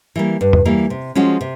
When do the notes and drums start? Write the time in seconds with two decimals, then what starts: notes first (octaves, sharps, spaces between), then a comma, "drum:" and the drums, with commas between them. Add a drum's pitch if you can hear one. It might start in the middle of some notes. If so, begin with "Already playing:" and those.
0.16 E3 G3 A#3
0.41 G2
0.53 drum: tom E2
0.65 E3 G3 A#3
0.90 C3
1.15 F3 G#3 C#4 F#4
1.41 C3